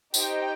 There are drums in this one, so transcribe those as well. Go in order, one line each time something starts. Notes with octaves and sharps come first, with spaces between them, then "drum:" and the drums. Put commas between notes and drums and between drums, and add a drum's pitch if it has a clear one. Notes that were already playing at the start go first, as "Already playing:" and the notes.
D#4 G4 C5 D#5 G5, drum: tambourine